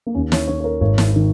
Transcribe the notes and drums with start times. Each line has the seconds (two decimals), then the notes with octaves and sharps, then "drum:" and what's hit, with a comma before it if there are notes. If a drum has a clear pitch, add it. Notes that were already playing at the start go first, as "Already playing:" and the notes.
0.06 A#3
0.15 D#2 C#4
0.32 C#5, drum: snare
0.47 D#3 C#5
0.60 C#5
0.64 A#4
0.81 G#1 C#5
0.98 drum: snare
1.16 D#3